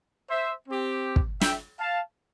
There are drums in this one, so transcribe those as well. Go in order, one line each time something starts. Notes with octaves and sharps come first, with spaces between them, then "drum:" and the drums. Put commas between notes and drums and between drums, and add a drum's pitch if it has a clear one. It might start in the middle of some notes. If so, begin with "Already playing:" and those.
C5 E5
C4 G4
drum: kick
E5 G5, drum: snare
F5 A5